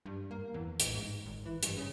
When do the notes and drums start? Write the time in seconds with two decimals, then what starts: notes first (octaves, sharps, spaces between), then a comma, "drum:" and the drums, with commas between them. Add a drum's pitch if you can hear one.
0.06 G2
0.31 A#3
0.54 E2
0.80 A1, drum: hi-hat
0.94 G#2
1.26 G#1
1.46 E3
1.63 G2, drum: hi-hat
1.77 C#3